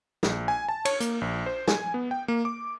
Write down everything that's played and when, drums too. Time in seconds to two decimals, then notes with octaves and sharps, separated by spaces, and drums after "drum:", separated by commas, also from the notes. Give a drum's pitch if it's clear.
0.23 A#1, drum: snare
0.48 G#5
0.69 A5
0.85 C#5, drum: cymbal
1.00 A#3, drum: hi-hat
1.21 A#1
1.46 C5
1.68 G#5, drum: snare
1.94 B3
2.11 G5
2.28 A#3
2.45 D6